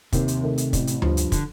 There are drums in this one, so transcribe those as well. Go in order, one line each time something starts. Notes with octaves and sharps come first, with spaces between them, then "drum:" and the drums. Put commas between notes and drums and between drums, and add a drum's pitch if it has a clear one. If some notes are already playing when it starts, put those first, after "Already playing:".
D#2 C3, drum: kick, hi-hat
drum: hi-hat
D#3 A3
drum: hi-hat
A1, drum: kick, hi-hat
drum: hi-hat
G2 F3, drum: tom D2
drum: hi-hat
D3, drum: kick, hi-hat